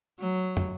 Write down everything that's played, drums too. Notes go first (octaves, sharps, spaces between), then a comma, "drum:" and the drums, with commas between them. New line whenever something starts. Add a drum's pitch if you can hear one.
F#3
drum: tom